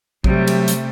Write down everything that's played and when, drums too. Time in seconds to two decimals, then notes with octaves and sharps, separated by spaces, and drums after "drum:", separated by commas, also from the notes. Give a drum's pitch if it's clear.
0.24 C3 F#3 G3 A3, drum: kick A#1
0.47 drum: cymbal
0.68 drum: hi-hat